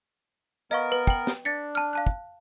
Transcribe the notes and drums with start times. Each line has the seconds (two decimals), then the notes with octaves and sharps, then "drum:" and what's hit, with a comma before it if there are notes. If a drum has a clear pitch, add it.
0.71 B3 A#4 D#5 F5 C#6
0.92 B4
1.07 G5 F#7, drum: kick
1.27 drum: snare
1.45 D4 A6 B6 C#7
1.75 A5 F6
1.93 F5 A5 F#6
2.07 drum: kick